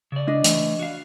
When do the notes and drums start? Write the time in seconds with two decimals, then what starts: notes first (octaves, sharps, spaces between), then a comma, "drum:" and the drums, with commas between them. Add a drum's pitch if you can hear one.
0.12 C#3 D5
0.27 D4 D#5
0.44 E3 A3, drum: hi-hat
0.79 F#4 F5